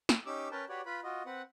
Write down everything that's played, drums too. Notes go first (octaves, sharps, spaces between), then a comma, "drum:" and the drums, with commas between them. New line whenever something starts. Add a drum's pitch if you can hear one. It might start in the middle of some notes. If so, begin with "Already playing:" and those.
drum: snare
C#4 D#4 G4 D6 E6
C#4 A#4 B4 G5 A5
F#4 G4 B4 C#5 D5
F4 B4 B5
F4 F#4 D#5
C4 B4 F#5